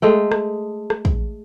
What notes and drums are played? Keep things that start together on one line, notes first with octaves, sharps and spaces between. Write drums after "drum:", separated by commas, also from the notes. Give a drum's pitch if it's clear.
G#3 A3 G5
drum: rim click
drum: rim click
drum: kick